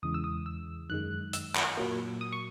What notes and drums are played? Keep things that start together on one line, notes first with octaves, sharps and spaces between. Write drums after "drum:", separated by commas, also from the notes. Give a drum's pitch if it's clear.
E2 C#3 E3 G#3 D#6
E6
D#6
E6
F#2 D#3 G#3 F#6
E6, drum: hi-hat
drum: clap
A#2 F#3 A#3
D#6
C#6